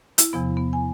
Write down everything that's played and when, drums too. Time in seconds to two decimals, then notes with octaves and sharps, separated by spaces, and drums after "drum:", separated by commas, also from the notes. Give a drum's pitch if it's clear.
0.18 E4, drum: hi-hat
0.33 E2 C3 F3 B3
0.57 B3
0.73 G#5